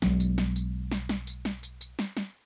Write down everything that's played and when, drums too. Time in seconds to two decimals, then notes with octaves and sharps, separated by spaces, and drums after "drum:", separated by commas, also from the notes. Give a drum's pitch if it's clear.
0.02 B1 F#3 G#3, drum: snare
0.20 drum: tambourine
0.38 drum: snare
0.56 drum: tambourine
0.92 drum: snare
1.09 drum: snare
1.27 drum: tambourine
1.45 drum: snare
1.63 drum: tambourine
1.81 drum: tambourine
1.99 drum: snare
2.17 drum: snare